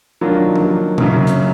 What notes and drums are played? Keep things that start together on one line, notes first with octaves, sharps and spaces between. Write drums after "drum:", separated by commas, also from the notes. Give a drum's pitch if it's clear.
D#3 F#3 A#3 D4 F4
drum: tom
F#2 C#3 F#3, drum: tom A#2
drum: hi-hat